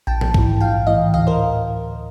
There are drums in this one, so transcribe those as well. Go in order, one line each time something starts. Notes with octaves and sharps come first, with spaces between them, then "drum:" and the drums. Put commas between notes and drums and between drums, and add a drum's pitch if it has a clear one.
A#1 G5 A5
drum: tom
G#2 E3, drum: kick B1
A#1 F5 G5
A2 E3 D#5 F5
D2 D#5 F5
A#4 C5